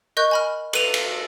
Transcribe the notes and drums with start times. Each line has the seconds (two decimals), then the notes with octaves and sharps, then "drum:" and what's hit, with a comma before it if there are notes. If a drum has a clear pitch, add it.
0.17 A#4 D#5 C#6 F#6 G6
0.31 G#5 B5 F6
0.73 A4 B4 D#7 F7, drum: cymbal
0.94 drum: cymbal